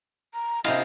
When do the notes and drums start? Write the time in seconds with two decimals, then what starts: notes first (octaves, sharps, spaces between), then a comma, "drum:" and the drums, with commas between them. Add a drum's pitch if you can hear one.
0.34 A#5
0.64 C3 D#5 F5, drum: cymbal